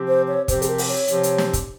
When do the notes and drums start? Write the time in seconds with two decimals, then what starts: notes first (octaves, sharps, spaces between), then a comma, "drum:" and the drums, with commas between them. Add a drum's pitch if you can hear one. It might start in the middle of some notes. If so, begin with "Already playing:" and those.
Already playing: C3 F3 C4 G4
0.08 C5
0.28 C#5
0.48 C3 F3 C4 G4 C5, drum: kick, hi-hat
0.62 G#4, drum: hi-hat
0.68 A#4
0.78 drum: open hi-hat
0.88 C#5
1.08 C3 F3 C4 G4, drum: hi-hat
1.23 drum: hi-hat
1.38 drum: snare
1.53 drum: kick, hi-hat